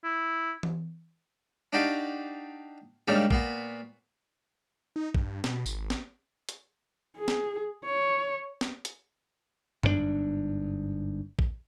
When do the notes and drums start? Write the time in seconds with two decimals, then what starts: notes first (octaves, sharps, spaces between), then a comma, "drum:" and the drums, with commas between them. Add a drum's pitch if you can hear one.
0.04 E4
0.63 drum: tom E3
1.73 D4 D#4 F#4 G4 D5 F5
3.08 G#2 C#3 G3 A#3 D4 D#4
3.31 A#2 B3 F#4, drum: kick
4.96 D#4
5.15 G2, drum: kick
5.44 B2, drum: snare
5.66 G#1, drum: tambourine
5.90 drum: snare
6.49 drum: hi-hat
7.17 G#4
7.28 drum: snare
7.85 C#5
8.61 drum: snare
8.85 drum: hi-hat
9.83 G1 G#2 C#3 D4, drum: tom F#2
11.39 drum: kick